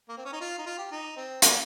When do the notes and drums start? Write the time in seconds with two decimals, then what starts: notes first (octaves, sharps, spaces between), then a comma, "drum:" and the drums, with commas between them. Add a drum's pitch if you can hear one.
0.09 A#3
0.17 C4
0.25 C#4
0.33 D#4
0.41 F4
0.58 D#4
0.66 F4
0.78 G4
0.91 D#4
1.17 C4
1.42 A#3, drum: hi-hat